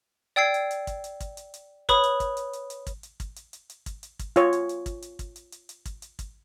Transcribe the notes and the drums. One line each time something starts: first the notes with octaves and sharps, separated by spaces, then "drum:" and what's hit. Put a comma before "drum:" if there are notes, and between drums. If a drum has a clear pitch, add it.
D5 G5 E6 G#6 C7
drum: hi-hat
drum: hi-hat
drum: kick, hi-hat
drum: hi-hat
drum: kick, hi-hat
drum: hi-hat
drum: hi-hat
B4 C#5 B5 D#6, drum: kick, hi-hat
drum: hi-hat
drum: kick, hi-hat
drum: hi-hat
drum: hi-hat
drum: hi-hat
drum: kick, hi-hat
drum: hi-hat
drum: kick, hi-hat
drum: hi-hat
drum: hi-hat
drum: hi-hat
drum: kick, hi-hat
drum: hi-hat
drum: kick, hi-hat
F4 C#5, drum: hi-hat
drum: hi-hat
drum: hi-hat
drum: kick, hi-hat
drum: hi-hat
drum: kick, hi-hat
drum: hi-hat
drum: hi-hat
drum: hi-hat
drum: kick, hi-hat
drum: hi-hat
drum: kick, hi-hat